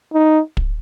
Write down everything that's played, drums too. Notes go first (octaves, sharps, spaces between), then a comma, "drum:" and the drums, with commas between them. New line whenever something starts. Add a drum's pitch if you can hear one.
D#4
drum: kick